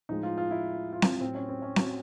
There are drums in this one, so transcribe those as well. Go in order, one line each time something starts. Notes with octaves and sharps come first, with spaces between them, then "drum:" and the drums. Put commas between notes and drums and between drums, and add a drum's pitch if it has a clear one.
A2 F3 G#3 D#4
F4
F4
E4
F4
drum: snare C4
A2 F#3 C4
C#4
C4
C#4
F#4, drum: snare C4